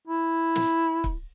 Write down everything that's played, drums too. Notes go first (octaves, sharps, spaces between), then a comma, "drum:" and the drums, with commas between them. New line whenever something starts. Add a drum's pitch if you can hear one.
E4
drum: snare
drum: kick